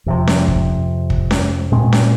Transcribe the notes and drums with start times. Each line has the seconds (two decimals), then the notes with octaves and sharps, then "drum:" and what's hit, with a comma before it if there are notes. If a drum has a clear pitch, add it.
0.06 F2 C3 F3
0.27 drum: snare C#4
0.48 drum: kick
1.10 drum: kick
1.31 drum: snare C#4
1.72 A#2 G#3 C4
1.93 drum: snare C#4